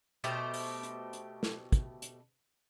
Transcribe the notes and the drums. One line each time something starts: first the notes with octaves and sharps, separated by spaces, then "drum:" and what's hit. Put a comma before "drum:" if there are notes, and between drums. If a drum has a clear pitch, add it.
B2 A3 G4 C5, drum: hi-hat
drum: open hi-hat
drum: hi-hat
drum: hi-hat
drum: snare
drum: kick, hi-hat
drum: hi-hat